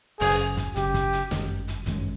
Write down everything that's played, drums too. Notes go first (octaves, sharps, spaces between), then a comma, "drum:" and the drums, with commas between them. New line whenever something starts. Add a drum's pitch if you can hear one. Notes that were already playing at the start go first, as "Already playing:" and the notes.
F#1 F#2 C#3 G#4, drum: open hi-hat
drum: kick, hi-hat
F#1 F#2 C#3 G4, drum: hi-hat
drum: kick, hi-hat
drum: hi-hat
G1 F#2 D#3 G#3, drum: snare
drum: hi-hat
G1 F#2 D#3 G#3, drum: hi-hat